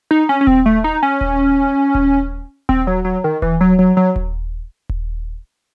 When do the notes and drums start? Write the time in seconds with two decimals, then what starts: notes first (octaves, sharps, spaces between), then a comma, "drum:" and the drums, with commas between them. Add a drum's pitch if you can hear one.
0.11 D#4
0.29 C#4
0.41 C#4
0.47 C4, drum: kick D#1
0.66 A3
0.84 D#4
1.03 C#4
1.21 drum: kick D#1
1.95 drum: kick D#1
2.69 C4, drum: kick D#1
2.87 F#3
3.05 F#3
3.24 D#3
3.42 E3, drum: kick D#1
3.61 F#3
3.79 F#3
3.97 F#3
4.16 drum: kick D#1
4.89 drum: kick D#1